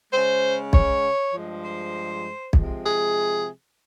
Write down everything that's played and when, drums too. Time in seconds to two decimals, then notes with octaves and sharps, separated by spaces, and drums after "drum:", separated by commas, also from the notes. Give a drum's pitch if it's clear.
0.12 C#3 G#3 C5
0.73 C#5, drum: kick B1
1.33 G2 F3 G#3
1.63 C5
2.53 C3 F3 G#3, drum: kick B1
2.84 G#4